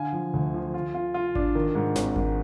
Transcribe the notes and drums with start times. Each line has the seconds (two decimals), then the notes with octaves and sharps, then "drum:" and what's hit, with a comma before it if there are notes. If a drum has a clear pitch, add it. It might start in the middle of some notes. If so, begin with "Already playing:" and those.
Already playing: D3 F5 G#5
0.13 F3
0.33 D2
0.54 F3
0.74 F4
0.94 F4
1.14 F4
1.35 D4, drum: kick G#1
1.55 D#3
1.75 G#2
1.95 G#1, drum: snare
2.16 G#2, drum: kick G#1